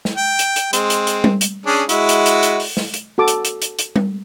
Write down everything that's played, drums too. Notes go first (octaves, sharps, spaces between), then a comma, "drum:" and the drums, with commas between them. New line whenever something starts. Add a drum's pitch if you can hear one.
drum: snare
G5
drum: hi-hat
drum: hi-hat
G#3 C4, drum: hi-hat
drum: hi-hat
drum: hi-hat
drum: tom G3
drum: hi-hat
C#4 D4 G#4
G#3 E4 F#4, drum: hi-hat
drum: hi-hat
drum: hi-hat
drum: hi-hat
drum: open hi-hat
drum: snare
drum: hi-hat
F#4 A4 A5 D6
drum: hi-hat
drum: hi-hat
drum: hi-hat
drum: hi-hat
drum: tom G3